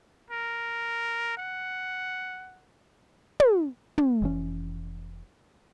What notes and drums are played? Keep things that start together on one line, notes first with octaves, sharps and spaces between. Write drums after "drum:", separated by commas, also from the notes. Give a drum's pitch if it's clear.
A#4
F#5
drum: tom
drum: tom
F1 E3 C#4